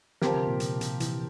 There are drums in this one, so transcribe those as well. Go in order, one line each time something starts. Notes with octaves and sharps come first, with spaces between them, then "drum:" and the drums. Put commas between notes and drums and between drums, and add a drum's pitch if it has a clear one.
D3 F3 C4 G4 A#4, drum: snare
C3
A#2
C3, drum: hi-hat
C3, drum: hi-hat
E3, drum: hi-hat